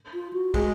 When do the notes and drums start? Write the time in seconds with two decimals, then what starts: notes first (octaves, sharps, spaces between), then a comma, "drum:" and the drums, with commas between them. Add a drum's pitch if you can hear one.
0.14 F4
0.33 F#4
0.54 G#3, drum: kick, cymbal